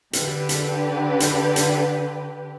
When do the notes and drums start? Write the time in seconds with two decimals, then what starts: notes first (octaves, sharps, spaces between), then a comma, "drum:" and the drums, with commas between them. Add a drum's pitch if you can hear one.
0.13 D3 G4 B4, drum: hi-hat
0.49 drum: hi-hat
1.20 drum: hi-hat
1.56 drum: hi-hat